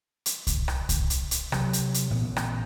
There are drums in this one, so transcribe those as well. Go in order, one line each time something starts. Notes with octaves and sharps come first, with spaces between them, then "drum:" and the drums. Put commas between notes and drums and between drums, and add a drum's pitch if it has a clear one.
drum: hi-hat
drum: kick C2, hi-hat
drum: rim click
drum: kick C2, hi-hat
drum: hi-hat
drum: hi-hat
C3 F#3, drum: rim click
drum: hi-hat
drum: hi-hat
A1 A#2 B3
drum: rim click